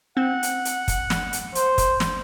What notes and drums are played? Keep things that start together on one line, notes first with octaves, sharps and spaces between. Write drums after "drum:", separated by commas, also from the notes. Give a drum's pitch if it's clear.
C4 F#5
drum: hi-hat
drum: hi-hat
drum: kick, hi-hat
drum: snare
drum: hi-hat
C5, drum: hi-hat
drum: kick, hi-hat
drum: snare